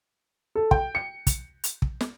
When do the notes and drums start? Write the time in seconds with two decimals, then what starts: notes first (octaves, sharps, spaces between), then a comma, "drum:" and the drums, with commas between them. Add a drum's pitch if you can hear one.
0.55 A4
0.71 G5, drum: kick
0.95 C#7
1.27 drum: kick, hi-hat
1.64 drum: hi-hat
1.82 drum: kick
2.01 drum: snare